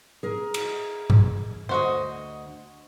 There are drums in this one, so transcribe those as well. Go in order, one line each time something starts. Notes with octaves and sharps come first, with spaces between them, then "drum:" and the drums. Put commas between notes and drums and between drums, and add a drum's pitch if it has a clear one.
G#4 A#4
drum: cymbal
drum: tom G2
D2 F#4 C5 D#5